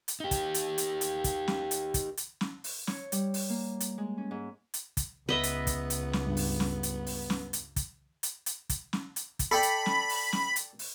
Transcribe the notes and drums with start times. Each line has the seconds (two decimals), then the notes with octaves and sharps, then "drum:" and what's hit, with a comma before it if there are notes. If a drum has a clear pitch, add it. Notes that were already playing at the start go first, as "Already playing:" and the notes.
0.08 drum: hi-hat
0.20 D#4 G4
0.31 drum: kick, hi-hat
0.54 drum: hi-hat
0.78 drum: hi-hat
1.01 drum: hi-hat
1.24 drum: kick, hi-hat
1.48 drum: snare
1.71 drum: hi-hat
1.94 drum: kick, hi-hat
2.17 drum: hi-hat
2.41 drum: snare
2.64 drum: open hi-hat
2.87 C#5, drum: snare
3.12 G3, drum: hi-hat
3.34 drum: open hi-hat
3.50 A#3
3.80 drum: hi-hat
3.98 G#3
4.18 C#4
4.31 G#2
4.74 drum: hi-hat
4.97 drum: kick, hi-hat
5.29 C#2 B3 B4 D#5 E5
5.43 drum: hi-hat
5.67 drum: kick, hi-hat
5.90 drum: hi-hat
6.13 drum: snare
6.27 G2
6.37 drum: open hi-hat
6.60 drum: snare
6.83 drum: hi-hat
7.06 drum: open hi-hat
7.30 drum: snare
7.53 drum: hi-hat
7.76 drum: kick, hi-hat
8.23 drum: hi-hat
8.46 drum: hi-hat
8.70 drum: kick, hi-hat
8.93 drum: snare
9.16 drum: hi-hat
9.39 drum: kick, hi-hat
9.51 A4 D5 G5 B5
9.63 drum: hi-hat
9.86 drum: snare
10.09 drum: open hi-hat
10.33 drum: snare
10.56 drum: hi-hat
10.79 drum: open hi-hat